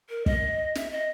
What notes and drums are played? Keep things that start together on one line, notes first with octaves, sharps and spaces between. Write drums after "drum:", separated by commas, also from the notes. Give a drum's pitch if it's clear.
A#4
D#5, drum: kick
E5, drum: snare
D#5